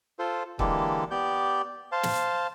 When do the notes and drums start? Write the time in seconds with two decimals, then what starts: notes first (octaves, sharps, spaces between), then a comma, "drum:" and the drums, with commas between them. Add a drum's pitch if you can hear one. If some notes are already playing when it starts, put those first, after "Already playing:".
0.19 F4 A4 C5
0.59 D3 E3 G#3 A#3 G4 A4, drum: kick
1.11 B3 G4 D5 G6
1.92 C5 F5 A5
2.03 drum: snare